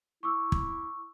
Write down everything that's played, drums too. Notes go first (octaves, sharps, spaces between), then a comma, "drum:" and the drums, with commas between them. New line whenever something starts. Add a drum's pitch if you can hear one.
E4 C#6 D6 E6
drum: kick